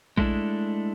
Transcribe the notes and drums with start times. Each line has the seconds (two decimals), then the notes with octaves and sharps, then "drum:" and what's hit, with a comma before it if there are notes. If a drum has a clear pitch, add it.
0.17 G#3 A3 D4 E4, drum: kick A#1